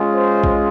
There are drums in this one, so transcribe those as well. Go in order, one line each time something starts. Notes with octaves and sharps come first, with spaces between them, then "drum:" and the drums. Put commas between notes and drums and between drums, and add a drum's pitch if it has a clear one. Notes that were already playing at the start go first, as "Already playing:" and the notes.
Already playing: G#3 C#4 F4
C5
drum: kick